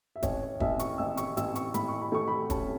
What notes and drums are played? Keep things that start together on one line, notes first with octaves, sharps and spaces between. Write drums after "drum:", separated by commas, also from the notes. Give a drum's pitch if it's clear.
E5
A1 C#5, drum: kick, hi-hat
C#5
A1 E5, drum: kick
C#6, drum: hi-hat
A1 E6
C#6, drum: hi-hat
A1 E6, drum: hi-hat
C#6, drum: hi-hat
A2 B5, drum: hi-hat
C#6
B5
A3 C#6
B5
C#4 A5, drum: kick, hi-hat